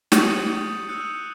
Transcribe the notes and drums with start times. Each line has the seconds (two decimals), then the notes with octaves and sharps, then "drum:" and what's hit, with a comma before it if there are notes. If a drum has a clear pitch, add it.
0.12 C#6 D#6 A6 C#7 D#7 F#7, drum: snare
0.52 D#6 G6
0.89 D#6 E6 F#6 G6 C#7